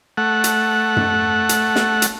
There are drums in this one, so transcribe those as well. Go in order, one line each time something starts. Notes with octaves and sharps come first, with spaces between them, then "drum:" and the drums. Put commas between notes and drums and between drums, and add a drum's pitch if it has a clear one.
A3 F#5
drum: hi-hat
drum: tom F#2
drum: hi-hat
drum: snare
drum: hi-hat